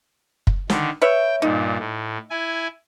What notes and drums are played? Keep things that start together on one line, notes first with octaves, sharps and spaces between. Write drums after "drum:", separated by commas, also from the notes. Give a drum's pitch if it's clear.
drum: kick
D3 D#3, drum: snare
B4 C#5 E5 G5
G2 A#2 D#4
A2
E4 G#5